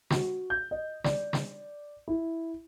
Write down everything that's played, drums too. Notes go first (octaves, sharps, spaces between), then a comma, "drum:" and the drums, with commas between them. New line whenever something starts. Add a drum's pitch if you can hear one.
F#4, drum: snare
G6
D#5
D5, drum: snare
drum: snare
E4